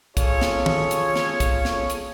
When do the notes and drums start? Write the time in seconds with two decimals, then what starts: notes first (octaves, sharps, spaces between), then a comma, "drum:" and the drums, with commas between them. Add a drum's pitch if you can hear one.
0.17 F4 G#4 A4 C#5, drum: kick, hi-hat
0.41 drum: snare
0.66 drum: tom
0.91 drum: hi-hat
1.16 drum: snare
1.40 drum: kick, hi-hat
1.65 drum: snare
1.90 drum: hi-hat